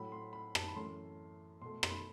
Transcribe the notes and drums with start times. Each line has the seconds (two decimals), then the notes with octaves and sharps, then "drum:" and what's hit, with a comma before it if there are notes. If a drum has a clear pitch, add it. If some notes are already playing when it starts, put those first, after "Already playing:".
Already playing: A2 F#3 A3 B5
0.12 C6
0.33 B5
0.55 A5, drum: rim click
0.68 B5
0.76 F#2 E3 A3 C6
1.61 B2 A3 C6
1.83 C6, drum: rim click
1.90 B5